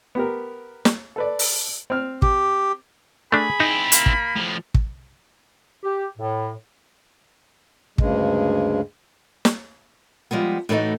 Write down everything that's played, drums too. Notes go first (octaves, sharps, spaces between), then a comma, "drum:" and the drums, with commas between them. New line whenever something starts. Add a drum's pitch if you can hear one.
B3 G4 A#4
drum: snare
A4 B4 D5
drum: open hi-hat
C4 F6
G4, drum: kick
A3 D4 G#4 B5
C4 D#4 E4
A#3, drum: hi-hat
drum: kick
A2 F3
drum: kick
G4
A2
D2 G2 C#3 G#3, drum: kick
drum: snare
F3 G3 G#3 B3
A2 E3 A3 D#4 F#4